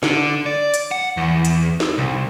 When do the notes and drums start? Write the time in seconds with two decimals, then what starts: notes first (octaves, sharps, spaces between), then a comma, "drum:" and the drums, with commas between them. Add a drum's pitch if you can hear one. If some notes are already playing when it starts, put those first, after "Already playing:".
0.03 D3, drum: snare
0.46 D5
0.74 drum: hi-hat
0.91 F#5
1.17 E2
1.45 drum: hi-hat
1.80 drum: snare
1.98 C2